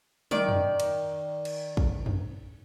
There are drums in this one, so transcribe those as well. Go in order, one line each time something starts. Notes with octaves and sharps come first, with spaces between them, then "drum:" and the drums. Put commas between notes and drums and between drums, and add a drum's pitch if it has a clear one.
D#3 D5, drum: tom
drum: tom F2
drum: cymbal
drum: cymbal
drum: kick
drum: tom F2